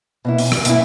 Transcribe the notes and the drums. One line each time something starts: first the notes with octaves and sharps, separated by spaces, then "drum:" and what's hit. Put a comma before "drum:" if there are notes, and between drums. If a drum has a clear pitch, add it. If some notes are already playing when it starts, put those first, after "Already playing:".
B2 A#3 E4
drum: open hi-hat
drum: rim click
B2 A#3 E4, drum: hi-hat